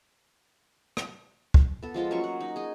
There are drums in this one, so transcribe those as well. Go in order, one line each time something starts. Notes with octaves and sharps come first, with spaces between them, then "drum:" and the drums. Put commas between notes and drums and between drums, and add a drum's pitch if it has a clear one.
drum: rim click
drum: kick
B3 A4
F3 G#3 F4 A4
F#3 A#3 C#4 C#6
F#5
D#4
G#4 D#5